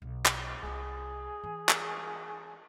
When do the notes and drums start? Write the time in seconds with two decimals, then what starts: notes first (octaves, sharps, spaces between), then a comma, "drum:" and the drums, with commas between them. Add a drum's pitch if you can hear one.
0.02 B1
0.26 drum: clap
0.63 C2 F4 G#4
1.43 E3
1.69 drum: clap